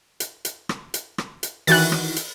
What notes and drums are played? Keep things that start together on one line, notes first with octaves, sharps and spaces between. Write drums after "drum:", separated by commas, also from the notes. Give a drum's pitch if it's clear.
drum: hi-hat
drum: hi-hat
drum: rim click
drum: hi-hat
drum: rim click
drum: hi-hat
D#3 E3 F#4 F#6 A6, drum: open hi-hat
drum: rim click
drum: hi-hat